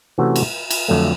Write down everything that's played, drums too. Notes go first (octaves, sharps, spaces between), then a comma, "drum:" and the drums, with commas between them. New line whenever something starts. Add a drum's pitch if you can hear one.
C3 E3 A3 C#4 F#4
drum: cymbal
drum: cymbal
F2 D3 F#3 A3